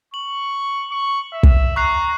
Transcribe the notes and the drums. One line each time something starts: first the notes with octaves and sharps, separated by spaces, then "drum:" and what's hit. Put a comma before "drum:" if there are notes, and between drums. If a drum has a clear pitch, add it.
C#6 F#7
C#6
E5
drum: kick
A#5 C#6 F#6 C7